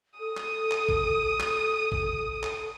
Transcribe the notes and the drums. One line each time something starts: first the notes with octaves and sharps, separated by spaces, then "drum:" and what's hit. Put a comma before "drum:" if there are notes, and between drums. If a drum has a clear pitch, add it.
A4 D#6
drum: clap
drum: clap
drum: kick
drum: clap
drum: kick
drum: clap